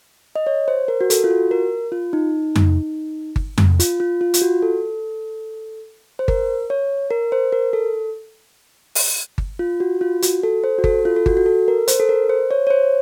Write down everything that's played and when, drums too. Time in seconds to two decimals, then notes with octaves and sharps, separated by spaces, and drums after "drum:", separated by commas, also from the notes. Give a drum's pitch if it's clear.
0.36 D#5
0.47 C#5
0.68 C5
0.88 A#4
1.01 F#4
1.10 A4, drum: hi-hat
1.24 F4
1.31 F#4
1.51 A#4
1.92 F4
2.13 D#4
2.56 drum: tom F2
3.36 drum: kick G1
3.58 drum: tom F2
3.80 F4, drum: hi-hat
4.00 F4
4.21 F4
4.34 F4, drum: hi-hat
4.42 F#4
4.62 A4
6.19 C5
6.28 A#4, drum: kick G1
6.70 C#5
7.11 A#4
7.32 C5
7.52 A#4
7.73 A4
8.95 drum: open hi-hat
9.38 drum: kick G1
9.59 F4
9.80 F#4
10.01 F4
10.22 F#4, drum: hi-hat
10.43 A4
10.64 C5
10.78 F#4
10.84 A4, drum: kick G1
11.05 F4
11.16 A4
11.26 F#4, drum: kick G1
11.37 F#4
11.46 A4
11.68 A#4
11.88 C5, drum: hi-hat
12.00 A4
12.09 A#4
12.30 C5
12.51 C#5
12.67 C#5
12.70 C5